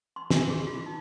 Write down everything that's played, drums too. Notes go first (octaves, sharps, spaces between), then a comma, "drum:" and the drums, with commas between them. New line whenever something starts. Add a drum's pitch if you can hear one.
C6
D4, drum: snare
G#4
F4
D#4